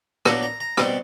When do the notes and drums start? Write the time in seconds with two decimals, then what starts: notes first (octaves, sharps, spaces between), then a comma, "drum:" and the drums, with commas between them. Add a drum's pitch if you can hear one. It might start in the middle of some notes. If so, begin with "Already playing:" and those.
0.25 A#2 F#3 B3 D4 A#5, drum: rim click
0.43 A#5
0.60 A#5
0.77 B2 G3 C4 G5, drum: rim click